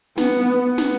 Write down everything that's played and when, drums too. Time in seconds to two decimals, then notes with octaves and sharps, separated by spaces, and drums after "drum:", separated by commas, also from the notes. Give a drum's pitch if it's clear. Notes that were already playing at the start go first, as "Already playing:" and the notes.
0.18 B3, drum: snare
0.63 B3
0.78 drum: snare